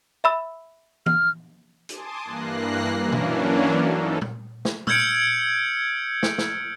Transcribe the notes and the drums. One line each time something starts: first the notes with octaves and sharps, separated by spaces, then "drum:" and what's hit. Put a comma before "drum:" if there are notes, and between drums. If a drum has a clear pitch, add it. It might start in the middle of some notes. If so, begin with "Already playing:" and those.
E5 B5 E6
F6, drum: tom E3
G#5 A5 C6 D6 D#6, drum: hi-hat
G2 E3 A#3 F#6 A#6 C7
E3 F#3 A#3 C#4 D4
drum: tom
D#4 A4
drum: tom
drum: snare
E6 F6 G6 G#6 C#7 D7, drum: tom
drum: snare
drum: snare